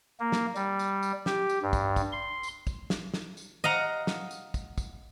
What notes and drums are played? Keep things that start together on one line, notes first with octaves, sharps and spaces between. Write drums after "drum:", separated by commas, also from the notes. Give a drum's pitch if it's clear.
A#3
drum: snare
G3, drum: tambourine
drum: tambourine
drum: tambourine
G4, drum: snare
drum: tambourine
G2
drum: kick, tambourine
drum: kick, tambourine
C6
drum: tambourine
drum: kick, tambourine
drum: snare
drum: snare
drum: tambourine
D#5 F5 F#5 A#5
drum: snare
drum: tambourine
drum: kick, tambourine
drum: kick, tambourine